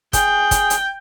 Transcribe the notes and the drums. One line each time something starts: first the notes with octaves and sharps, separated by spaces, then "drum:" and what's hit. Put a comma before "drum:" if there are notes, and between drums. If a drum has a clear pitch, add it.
G#4 G5, drum: kick, hi-hat
drum: kick, hi-hat
drum: hi-hat